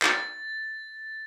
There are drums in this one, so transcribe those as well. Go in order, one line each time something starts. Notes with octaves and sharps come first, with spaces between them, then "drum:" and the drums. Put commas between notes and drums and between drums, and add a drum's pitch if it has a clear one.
A6, drum: clap